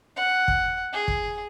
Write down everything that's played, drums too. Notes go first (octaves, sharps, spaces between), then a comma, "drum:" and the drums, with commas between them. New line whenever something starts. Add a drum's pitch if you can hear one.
F#5
drum: kick
G#4
drum: kick